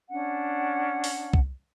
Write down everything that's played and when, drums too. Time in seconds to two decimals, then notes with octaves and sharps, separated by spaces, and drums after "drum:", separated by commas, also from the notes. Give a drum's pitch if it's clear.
0.10 C#4 D4 F#5
1.04 drum: open hi-hat
1.34 drum: kick C2